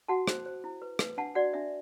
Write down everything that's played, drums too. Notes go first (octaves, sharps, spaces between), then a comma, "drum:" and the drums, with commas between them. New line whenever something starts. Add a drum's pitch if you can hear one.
F#4 F#5 A5
C5, drum: rim click
C5
E4
B4
B4, drum: rim click
D4 F#5 A5
F#4 D5 F#5
D4 E5